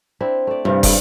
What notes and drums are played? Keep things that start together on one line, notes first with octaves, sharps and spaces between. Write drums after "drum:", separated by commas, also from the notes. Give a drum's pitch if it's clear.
C4 D4 E4
A3 D5
G2 C3 E3 F4
C#5, drum: kick, open hi-hat